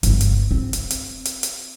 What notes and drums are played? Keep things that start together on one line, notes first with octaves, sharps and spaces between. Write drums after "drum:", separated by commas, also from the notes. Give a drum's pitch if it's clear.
G1 B3, drum: hi-hat
drum: hi-hat
C4
drum: hi-hat
drum: hi-hat
drum: hi-hat
drum: hi-hat